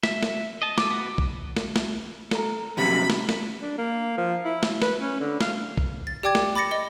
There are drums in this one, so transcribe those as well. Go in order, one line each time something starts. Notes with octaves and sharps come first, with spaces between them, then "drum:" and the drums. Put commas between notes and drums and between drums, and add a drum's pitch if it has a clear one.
E5, drum: snare
drum: snare
D#5 A5
A4 A#4 D6, drum: snare
B3 F#4
drum: kick A#1
drum: snare
drum: snare
A4 A#5, drum: snare
F2 C3 F#3 B3 C#4 G4 B5
drum: snare
drum: snare
D4
A#3
F3
E4
drum: snare
B4, drum: snare
C#4
D3
F5, drum: snare
drum: kick A#1
A6
G4 D5 G5 D6 G#6 A6
drum: snare
B5 D6 A6 A#6 C#7
D#5 G7